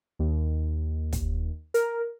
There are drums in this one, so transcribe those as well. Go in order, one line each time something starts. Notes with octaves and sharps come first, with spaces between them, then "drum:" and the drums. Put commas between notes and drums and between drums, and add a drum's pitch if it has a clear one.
D#2
drum: kick, hi-hat
A#4, drum: hi-hat